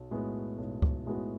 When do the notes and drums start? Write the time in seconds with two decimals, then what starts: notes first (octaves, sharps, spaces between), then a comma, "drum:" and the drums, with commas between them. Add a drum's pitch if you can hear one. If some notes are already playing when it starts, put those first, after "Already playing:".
Already playing: B1
0.11 A2 G#3 B3 F#4
0.58 B1
0.82 drum: kick C#2
1.06 A2 G#3 B3 F#4